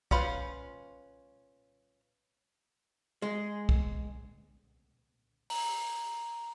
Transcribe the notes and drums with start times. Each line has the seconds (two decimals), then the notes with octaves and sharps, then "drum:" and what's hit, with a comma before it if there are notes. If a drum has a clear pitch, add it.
0.11 C#4 F4 B4 C5, drum: kick
3.22 G#3
3.69 drum: kick
5.50 A#5 F#7, drum: open hi-hat